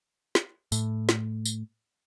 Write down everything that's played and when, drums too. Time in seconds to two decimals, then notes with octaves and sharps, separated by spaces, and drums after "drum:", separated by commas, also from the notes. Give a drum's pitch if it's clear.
0.35 drum: snare
0.72 A2, drum: tambourine
1.09 drum: snare
1.45 drum: tambourine